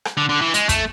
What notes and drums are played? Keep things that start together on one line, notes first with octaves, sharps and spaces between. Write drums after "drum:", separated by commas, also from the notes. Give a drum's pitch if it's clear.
drum: rim click
D3
D3
E3
G#3, drum: hi-hat
A3, drum: kick, hi-hat